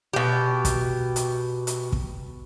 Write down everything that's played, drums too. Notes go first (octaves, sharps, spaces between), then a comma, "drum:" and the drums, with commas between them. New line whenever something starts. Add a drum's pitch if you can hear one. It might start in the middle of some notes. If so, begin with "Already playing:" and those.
B2 G4
drum: kick, hi-hat
drum: hi-hat
drum: hi-hat
drum: kick